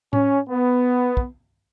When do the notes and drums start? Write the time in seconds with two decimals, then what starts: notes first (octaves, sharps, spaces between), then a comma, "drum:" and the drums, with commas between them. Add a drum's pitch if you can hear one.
0.13 C#4, drum: tom A2
0.49 B3
1.17 drum: kick